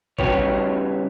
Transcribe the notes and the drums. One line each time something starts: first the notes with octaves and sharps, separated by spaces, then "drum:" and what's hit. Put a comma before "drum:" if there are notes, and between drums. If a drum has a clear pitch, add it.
C#3 G3 F#4 G4 B4 C#5, drum: kick G#1